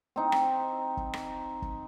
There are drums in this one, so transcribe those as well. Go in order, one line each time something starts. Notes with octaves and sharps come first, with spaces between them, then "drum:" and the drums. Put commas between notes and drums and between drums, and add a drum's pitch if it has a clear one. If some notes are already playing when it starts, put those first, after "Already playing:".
C4 D#4
drum: rim click
drum: kick
drum: rim click
drum: kick